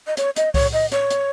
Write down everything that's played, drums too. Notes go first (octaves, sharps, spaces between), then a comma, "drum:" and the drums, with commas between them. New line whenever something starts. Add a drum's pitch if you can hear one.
D#5
C#5, drum: hi-hat
D#5, drum: hi-hat
C#5, drum: kick C2, open hi-hat
D#5
C#5, drum: hi-hat
drum: hi-hat